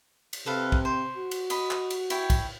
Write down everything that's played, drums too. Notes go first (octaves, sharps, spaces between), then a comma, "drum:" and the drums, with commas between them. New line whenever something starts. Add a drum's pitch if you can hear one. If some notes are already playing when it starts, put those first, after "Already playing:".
drum: cymbal
C3 A4 B4 F5
drum: kick
C5
F#4
drum: cymbal
D#5 B5, drum: cymbal
drum: clap
drum: cymbal
E4 C#5 G5, drum: cymbal
drum: kick, cymbal